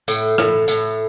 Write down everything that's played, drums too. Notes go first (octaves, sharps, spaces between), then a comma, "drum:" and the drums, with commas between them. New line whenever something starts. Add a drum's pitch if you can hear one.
A2, drum: tambourine
A2, drum: rim click
A2, drum: tambourine